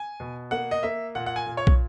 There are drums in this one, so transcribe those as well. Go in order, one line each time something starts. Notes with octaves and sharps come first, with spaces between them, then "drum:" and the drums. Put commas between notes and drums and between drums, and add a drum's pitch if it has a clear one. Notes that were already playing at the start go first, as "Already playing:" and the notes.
Already playing: G#5
B2
A#3 F#5
D#5
A#3 E5
A#2 F#5
F#5
G#5
A#2
C#5
drum: kick